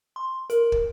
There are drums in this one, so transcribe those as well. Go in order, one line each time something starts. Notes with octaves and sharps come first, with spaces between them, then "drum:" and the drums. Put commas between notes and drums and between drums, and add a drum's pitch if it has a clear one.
C6
A#4, drum: hi-hat
drum: kick